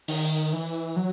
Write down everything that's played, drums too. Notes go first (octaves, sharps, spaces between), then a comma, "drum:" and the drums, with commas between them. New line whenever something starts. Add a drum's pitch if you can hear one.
D#3, drum: open hi-hat
E3
F#3